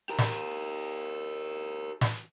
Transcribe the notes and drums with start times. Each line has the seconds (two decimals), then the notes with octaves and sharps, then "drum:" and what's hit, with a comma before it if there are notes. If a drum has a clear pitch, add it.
0.09 G4 A#4
0.18 drum: snare
2.01 drum: snare